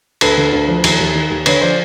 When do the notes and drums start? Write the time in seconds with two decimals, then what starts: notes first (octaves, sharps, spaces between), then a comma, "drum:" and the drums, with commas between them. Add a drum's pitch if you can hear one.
0.21 D2 A4 B4, drum: cymbal
0.37 D3
0.53 D2
0.68 F3
0.84 D#2, drum: cymbal
1.00 D#2
1.15 D#3
1.31 D#2
1.46 D3 B4 C#5, drum: cymbal
1.61 F3 C5 D5